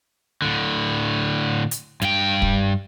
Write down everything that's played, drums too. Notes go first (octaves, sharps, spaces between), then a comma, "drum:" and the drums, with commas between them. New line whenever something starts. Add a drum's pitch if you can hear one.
A2 D3
drum: hi-hat
G2 G5, drum: snare
drum: kick